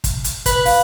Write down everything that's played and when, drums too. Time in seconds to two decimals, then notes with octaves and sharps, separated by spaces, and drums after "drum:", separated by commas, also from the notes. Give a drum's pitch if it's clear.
0.04 drum: kick, hi-hat
0.24 drum: hi-hat
0.46 B4, drum: kick, hi-hat
0.65 F5, drum: open hi-hat